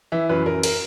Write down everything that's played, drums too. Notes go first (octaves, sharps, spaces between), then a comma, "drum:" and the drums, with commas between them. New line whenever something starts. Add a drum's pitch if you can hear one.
E3 E5
F#2 B4
F#2 A#4
A#4, drum: cymbal